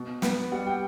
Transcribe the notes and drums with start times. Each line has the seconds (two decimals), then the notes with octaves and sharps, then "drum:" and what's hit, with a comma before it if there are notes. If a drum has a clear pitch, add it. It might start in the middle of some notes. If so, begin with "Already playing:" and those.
Already playing: B2
0.22 B3, drum: snare
0.52 G3 F#5
0.67 G5